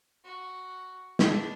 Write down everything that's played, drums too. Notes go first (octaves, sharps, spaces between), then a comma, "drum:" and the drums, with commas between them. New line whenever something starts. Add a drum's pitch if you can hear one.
F#4
B3 D4, drum: snare